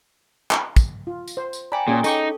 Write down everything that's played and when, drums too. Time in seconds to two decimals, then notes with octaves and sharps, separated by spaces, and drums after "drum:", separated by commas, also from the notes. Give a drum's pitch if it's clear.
0.51 drum: clap
0.76 drum: kick, tambourine
1.07 F4
1.28 drum: tambourine
1.37 C5
1.53 drum: tambourine
1.72 D5 G5 G#5 A#5 B5
1.88 A#2 C#4 G#4
2.04 D#4 A4 G5 C#6 D6, drum: tambourine